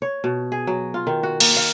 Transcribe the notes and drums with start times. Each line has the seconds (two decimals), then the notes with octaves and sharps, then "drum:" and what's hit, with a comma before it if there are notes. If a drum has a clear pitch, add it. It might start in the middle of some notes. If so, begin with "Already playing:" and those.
0.02 C#5
0.24 B2
0.52 G#4
0.67 F#3
0.94 F4
1.07 D#3
1.23 F#4
1.40 A#3, drum: cymbal
1.56 F5